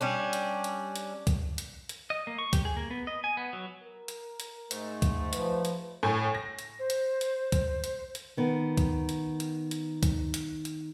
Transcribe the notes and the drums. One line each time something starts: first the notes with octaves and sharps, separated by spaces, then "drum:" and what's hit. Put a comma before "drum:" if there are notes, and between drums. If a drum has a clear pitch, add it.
G3 C#4 D4
drum: hi-hat
drum: hi-hat
drum: hi-hat
drum: kick C2, hi-hat
drum: hi-hat
drum: hi-hat
D#5
A#3
C#6
G4, drum: kick C2, hi-hat
G#4
A#3
B3
D#5
G#5
B3
F#3
A#4
drum: hi-hat
drum: hi-hat
G#2 A3, drum: hi-hat
drum: kick C2, hi-hat
F3 B4, drum: hi-hat
drum: hi-hat
A2 G#5
A#6
drum: hi-hat
C5
drum: hi-hat
drum: hi-hat
drum: kick C2, hi-hat
drum: hi-hat
drum: hi-hat
D#3 B3
drum: kick C2, hi-hat
drum: hi-hat
drum: hi-hat
drum: hi-hat
drum: kick C2, hi-hat
drum: hi-hat
drum: hi-hat